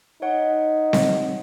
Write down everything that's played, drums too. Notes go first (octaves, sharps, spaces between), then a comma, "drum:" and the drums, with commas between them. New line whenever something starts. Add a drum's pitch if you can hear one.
D#4 C#5 F#5
drum: snare C4